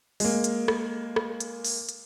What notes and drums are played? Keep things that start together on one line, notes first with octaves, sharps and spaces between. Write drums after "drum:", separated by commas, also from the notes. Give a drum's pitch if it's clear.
G#3 A#3, drum: open hi-hat
drum: hi-hat
drum: rim click
drum: rim click
drum: hi-hat
drum: open hi-hat
drum: hi-hat